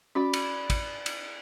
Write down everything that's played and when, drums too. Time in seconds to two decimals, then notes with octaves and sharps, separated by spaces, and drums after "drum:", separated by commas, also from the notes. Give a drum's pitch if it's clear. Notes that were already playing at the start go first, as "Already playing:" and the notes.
0.15 C#4 F#4 D5 B5 D6
0.33 drum: cymbal
0.70 drum: kick, cymbal
1.06 drum: cymbal